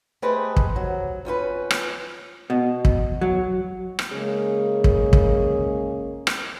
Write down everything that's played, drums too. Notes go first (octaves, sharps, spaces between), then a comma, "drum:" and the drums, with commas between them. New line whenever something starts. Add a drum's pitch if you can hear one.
A3 G4 G#4 B4 C5 D#5
drum: kick
F#3
F2 C#4 F#4 B4
drum: rim click
B2
drum: kick
F#3
drum: rim click
C#3 G#3 A#3 C#4 G#4
drum: kick
drum: kick
drum: rim click